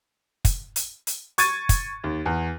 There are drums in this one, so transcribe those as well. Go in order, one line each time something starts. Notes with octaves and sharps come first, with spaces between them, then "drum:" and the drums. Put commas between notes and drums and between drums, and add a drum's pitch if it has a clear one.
drum: kick, hi-hat
drum: hi-hat
drum: hi-hat
C#6 G#6 A6 D#7, drum: hi-hat
drum: kick, hi-hat
D#2
E2